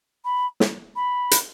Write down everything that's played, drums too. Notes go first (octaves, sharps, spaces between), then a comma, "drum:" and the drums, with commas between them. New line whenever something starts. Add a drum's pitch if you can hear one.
B5
drum: snare
B5
drum: hi-hat